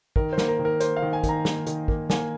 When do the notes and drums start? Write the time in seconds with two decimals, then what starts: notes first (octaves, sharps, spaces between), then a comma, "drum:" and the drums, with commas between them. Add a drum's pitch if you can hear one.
0.16 D#3 A#4, drum: kick
0.33 C5
0.38 A#3, drum: snare
0.48 A#4
0.59 D#3
0.65 A#4
0.80 A#3 C5, drum: hi-hat
0.97 F5
1.02 D#3
1.13 G#5
1.24 D#3, drum: kick, hi-hat
1.29 A#5
1.45 A#3, drum: snare
1.67 D#3, drum: hi-hat
1.88 A#3, drum: kick
2.10 A#3 G#5, drum: snare